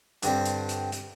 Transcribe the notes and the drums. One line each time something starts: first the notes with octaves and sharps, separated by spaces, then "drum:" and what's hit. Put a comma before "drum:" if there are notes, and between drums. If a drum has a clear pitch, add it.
G2 D3 G3 C4, drum: hi-hat
drum: hi-hat
drum: hi-hat
drum: hi-hat